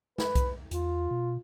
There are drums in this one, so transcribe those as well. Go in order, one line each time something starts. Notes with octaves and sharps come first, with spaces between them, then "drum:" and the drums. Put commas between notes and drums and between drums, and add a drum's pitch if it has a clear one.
B4, drum: snare
drum: kick B1, hi-hat
E2 F4, drum: hi-hat
B2